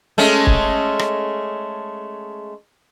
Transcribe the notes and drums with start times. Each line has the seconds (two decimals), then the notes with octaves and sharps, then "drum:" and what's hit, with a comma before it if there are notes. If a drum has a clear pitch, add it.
0.18 G#3 A3 C#4
0.47 drum: kick
0.99 drum: rim click